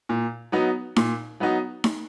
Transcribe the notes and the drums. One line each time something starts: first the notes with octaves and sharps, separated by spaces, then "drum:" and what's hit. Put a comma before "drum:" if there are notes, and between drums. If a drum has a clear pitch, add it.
A#2
F#3 B3 D#4 F#4
A#2, drum: snare D#4
F#3 B3 D#4 F#4
drum: snare D#4